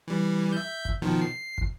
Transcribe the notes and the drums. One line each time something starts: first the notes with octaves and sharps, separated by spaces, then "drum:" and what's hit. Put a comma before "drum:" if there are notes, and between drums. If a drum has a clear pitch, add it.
E3 G3
E5 G6
drum: kick
B2 D#3 F3
C7
drum: kick